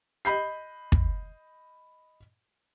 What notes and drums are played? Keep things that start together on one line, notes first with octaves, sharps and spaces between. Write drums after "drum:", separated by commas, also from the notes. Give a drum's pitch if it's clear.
D#5 B5 G6 C7
drum: kick